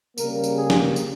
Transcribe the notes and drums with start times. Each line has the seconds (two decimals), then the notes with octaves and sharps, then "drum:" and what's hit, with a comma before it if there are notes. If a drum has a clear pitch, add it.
0.18 C#3 G3 A#3 A#4, drum: tambourine
0.44 drum: tambourine
0.57 G#4
0.70 drum: snare
0.96 drum: tambourine